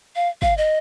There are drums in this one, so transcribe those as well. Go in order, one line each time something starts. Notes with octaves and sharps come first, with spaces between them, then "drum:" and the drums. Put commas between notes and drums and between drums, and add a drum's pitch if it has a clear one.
F5
F5, drum: kick
D#5